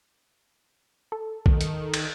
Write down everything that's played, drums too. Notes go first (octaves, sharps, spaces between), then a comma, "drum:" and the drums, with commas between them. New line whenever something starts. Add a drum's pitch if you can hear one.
A4
D#3, drum: kick A#1
drum: hi-hat
drum: cymbal